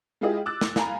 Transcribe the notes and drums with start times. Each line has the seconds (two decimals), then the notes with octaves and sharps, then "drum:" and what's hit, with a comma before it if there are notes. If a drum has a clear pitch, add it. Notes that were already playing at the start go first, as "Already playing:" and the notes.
0.21 G#3 E4 F4 G4 G#4 D#5
0.46 D6 E6 F#6 A6
0.61 drum: snare
0.76 F5 G#5 A#5 B5, drum: snare